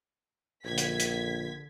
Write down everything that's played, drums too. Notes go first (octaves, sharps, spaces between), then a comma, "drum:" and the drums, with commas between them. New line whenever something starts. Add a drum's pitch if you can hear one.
A#1 D3 G#6 B6
drum: hi-hat
drum: hi-hat